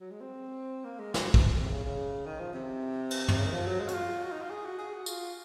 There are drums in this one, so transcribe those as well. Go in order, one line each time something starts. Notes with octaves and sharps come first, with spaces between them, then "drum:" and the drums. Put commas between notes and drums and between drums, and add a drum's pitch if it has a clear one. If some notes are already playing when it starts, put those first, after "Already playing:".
F#3
G#3
C4
A#3
G#3
F#3, drum: snare
drum: kick
C3
C#3
C#3
D#3
F3
C3
drum: cymbal
drum: tom
C#3
D#3
F3
F#3
G#3
F#4, drum: hi-hat
F4
F#4
D#4
F4
G#4
F#4
G#4
F#4
F4, drum: tambourine